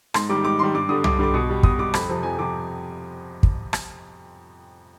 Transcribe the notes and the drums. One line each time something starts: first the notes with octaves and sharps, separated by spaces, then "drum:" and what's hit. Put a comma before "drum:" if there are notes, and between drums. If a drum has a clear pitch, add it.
G#2 C6, drum: rim click
D#3 G3 D6
G#2 D6
D#3 G3 C6
G2 D6
D3 G3 D#6
G2 D6, drum: tom
D3 G3 D6
B2 D#6
G3
B2 D#6, drum: kick
G3 D6
F2 B5, drum: rim click
C3 F3
F2 G#5
C3 F3 D6
drum: kick
drum: rim click